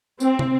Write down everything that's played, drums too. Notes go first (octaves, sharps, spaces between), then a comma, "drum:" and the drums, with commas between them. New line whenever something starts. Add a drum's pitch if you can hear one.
C4, drum: tambourine
drum: tom